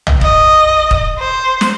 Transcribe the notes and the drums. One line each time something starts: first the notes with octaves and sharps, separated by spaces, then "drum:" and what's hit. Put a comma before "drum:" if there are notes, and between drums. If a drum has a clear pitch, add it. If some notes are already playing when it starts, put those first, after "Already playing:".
drum: tom
D#5, drum: kick
drum: kick
C5
drum: snare